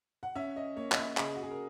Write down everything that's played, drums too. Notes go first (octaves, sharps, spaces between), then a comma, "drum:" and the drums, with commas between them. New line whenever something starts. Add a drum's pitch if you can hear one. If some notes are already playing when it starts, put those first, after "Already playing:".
F#5
C#4 E5
D#5
A#3 C#5
D#5, drum: clap
E5
C#3 D#5, drum: clap
F#4
G#4
A#4